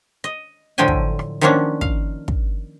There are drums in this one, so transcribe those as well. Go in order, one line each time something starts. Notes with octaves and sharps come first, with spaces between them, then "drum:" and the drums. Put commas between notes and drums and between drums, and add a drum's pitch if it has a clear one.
D#5
A2 D3 F3 F#3 G5 G#5
drum: kick
drum: rim click
D#3 F3 F#3 A#3 C#4 D4
F5, drum: kick
drum: kick